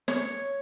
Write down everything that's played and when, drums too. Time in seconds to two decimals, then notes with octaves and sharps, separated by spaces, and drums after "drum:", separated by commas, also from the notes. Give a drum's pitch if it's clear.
0.08 C#5, drum: snare